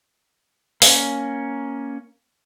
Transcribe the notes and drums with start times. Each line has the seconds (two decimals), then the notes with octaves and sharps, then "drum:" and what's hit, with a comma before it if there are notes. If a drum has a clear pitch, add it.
0.82 A#3 C#4, drum: open hi-hat